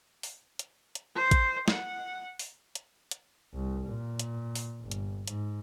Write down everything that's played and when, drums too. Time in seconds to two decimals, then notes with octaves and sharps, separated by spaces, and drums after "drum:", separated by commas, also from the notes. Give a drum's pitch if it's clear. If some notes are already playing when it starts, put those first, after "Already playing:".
0.23 drum: open hi-hat
0.59 drum: hi-hat
0.95 drum: hi-hat
1.15 C5
1.31 drum: kick A1, hi-hat
1.68 F#5, drum: snare
2.39 drum: open hi-hat
2.75 drum: hi-hat
3.11 drum: hi-hat
3.53 C2
3.87 A#2
4.19 drum: hi-hat
4.55 drum: open hi-hat
4.82 G1
4.91 drum: hi-hat
5.27 G#2, drum: hi-hat